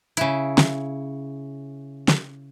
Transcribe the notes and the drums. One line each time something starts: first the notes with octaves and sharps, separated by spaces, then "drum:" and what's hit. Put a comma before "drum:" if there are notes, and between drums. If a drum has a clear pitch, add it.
C#3 E4, drum: hi-hat
drum: snare
drum: snare